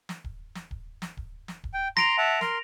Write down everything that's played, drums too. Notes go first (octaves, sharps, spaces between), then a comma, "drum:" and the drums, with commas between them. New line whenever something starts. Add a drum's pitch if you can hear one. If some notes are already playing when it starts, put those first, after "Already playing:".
drum: snare
drum: kick D1
drum: snare
drum: kick D1
drum: snare
drum: kick D1
drum: snare
drum: kick D1
G5
A#5 C6 A#6 D7 F7, drum: snare
E5 F#5 A5
A#4 C6, drum: snare